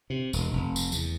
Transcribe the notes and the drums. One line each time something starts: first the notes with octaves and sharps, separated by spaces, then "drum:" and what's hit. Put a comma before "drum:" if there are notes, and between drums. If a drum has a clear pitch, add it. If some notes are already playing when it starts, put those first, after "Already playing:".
C3
E1, drum: tambourine
F1
drum: tambourine
E2, drum: tambourine